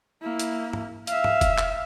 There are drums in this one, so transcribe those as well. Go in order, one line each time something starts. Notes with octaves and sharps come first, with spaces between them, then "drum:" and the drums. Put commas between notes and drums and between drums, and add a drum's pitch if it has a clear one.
A#3 E4
drum: hi-hat
drum: tom
E5 F5, drum: hi-hat
drum: tom
drum: kick E1, hi-hat
drum: clap